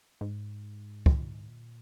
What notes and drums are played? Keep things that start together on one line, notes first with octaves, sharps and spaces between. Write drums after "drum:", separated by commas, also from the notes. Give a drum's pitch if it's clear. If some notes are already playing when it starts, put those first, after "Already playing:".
G#2
drum: kick
A#2